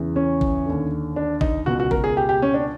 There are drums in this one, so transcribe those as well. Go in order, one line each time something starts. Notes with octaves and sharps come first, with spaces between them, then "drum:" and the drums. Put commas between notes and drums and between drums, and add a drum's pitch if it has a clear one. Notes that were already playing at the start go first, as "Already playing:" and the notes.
Already playing: E2 C#3 E3
C#4
drum: kick G#1
D#2 D3
D4
D#4, drum: kick G#1
C#2 B2 F#4
F#4
A#4, drum: kick G#1
G#4
G4
G4
C#4
D4